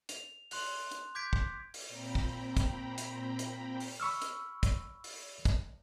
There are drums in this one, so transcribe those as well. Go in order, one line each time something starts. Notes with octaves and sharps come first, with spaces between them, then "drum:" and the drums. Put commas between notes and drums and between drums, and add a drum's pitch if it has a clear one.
F7, drum: hi-hat
C6 F#6 F7, drum: open hi-hat
drum: hi-hat
D6 G6 G#6 B6 D7
drum: kick
drum: open hi-hat
A#2 C4 G5 A#5 B5
drum: kick
drum: kick, hi-hat
drum: hi-hat
drum: hi-hat
drum: open hi-hat
B5 C#6 E6 F6
drum: hi-hat
drum: kick, hi-hat
drum: open hi-hat
drum: kick, hi-hat